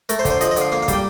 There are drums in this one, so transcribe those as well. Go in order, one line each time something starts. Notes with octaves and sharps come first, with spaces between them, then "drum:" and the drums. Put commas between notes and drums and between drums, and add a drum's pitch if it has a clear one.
A3 A#4, drum: hi-hat
C5
D3, drum: kick, hi-hat
C5
F3 D#5, drum: hi-hat
D#5
D3 F5, drum: hi-hat
A#3 F5
F5
G3 G5, drum: kick, hi-hat